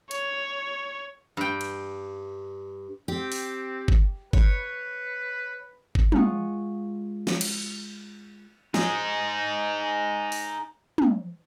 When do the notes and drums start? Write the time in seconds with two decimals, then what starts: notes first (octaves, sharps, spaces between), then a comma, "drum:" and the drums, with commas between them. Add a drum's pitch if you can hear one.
0.11 C#5, drum: hi-hat
1.37 G2 G5
1.61 drum: cymbal
3.08 C4 G4
3.32 drum: open hi-hat
3.88 drum: kick G1
4.33 B4 C#5, drum: kick G1
5.95 drum: kick G1
6.12 G#3 F4 F#5 C#6 D#6, drum: tom
7.27 drum: snare
7.41 drum: cymbal
8.74 D#4 G#4, drum: snare
10.32 drum: open hi-hat
10.98 drum: tom